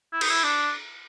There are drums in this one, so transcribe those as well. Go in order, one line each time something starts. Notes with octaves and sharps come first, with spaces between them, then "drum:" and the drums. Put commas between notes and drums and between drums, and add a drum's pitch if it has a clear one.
E4
D#4, drum: cymbal
E4
D4